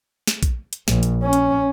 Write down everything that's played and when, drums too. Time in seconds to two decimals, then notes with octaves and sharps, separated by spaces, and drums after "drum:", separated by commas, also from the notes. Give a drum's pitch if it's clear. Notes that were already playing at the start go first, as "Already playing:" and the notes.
0.27 drum: snare
0.43 drum: kick A#1, hi-hat
0.73 drum: hi-hat
0.88 A#1, drum: snare
1.03 drum: hi-hat
1.23 C#4
1.33 drum: hi-hat